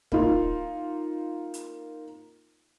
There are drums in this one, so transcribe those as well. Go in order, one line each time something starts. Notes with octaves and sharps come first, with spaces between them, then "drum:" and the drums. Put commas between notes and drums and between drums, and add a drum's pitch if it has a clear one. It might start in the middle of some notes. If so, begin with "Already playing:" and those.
A#3 D#4 F4, drum: kick
drum: hi-hat